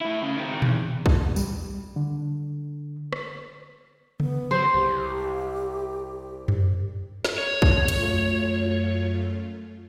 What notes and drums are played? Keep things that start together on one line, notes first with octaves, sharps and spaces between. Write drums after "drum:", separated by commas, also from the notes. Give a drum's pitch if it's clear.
A3 E4
C#3
D#3 C4
E2, drum: tom A#2
drum: kick A#1
G3, drum: tambourine
D3
drum: rim click
B3, drum: tom C#3
F#3 C5
C2 G4
drum: tom F#2
drum: snare
C#5
drum: kick A#1
F#2 A3 F4, drum: hi-hat